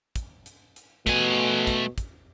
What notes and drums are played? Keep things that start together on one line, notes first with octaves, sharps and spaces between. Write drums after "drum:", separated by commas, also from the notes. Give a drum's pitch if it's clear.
drum: kick, hi-hat
drum: hi-hat
drum: hi-hat
B2 A3 G#5, drum: kick, hi-hat
drum: kick, hi-hat
drum: kick, hi-hat